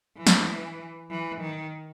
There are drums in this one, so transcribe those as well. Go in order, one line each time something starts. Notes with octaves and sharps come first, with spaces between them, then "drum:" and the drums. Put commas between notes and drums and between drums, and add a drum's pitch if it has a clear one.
E3
drum: snare
E3
D#3